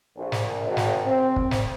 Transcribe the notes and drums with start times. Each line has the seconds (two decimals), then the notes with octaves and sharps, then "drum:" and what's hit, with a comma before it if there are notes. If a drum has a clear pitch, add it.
0.17 A#1
0.32 drum: snare
0.67 G#1
0.77 drum: snare
1.07 C4
1.36 drum: kick
1.51 drum: snare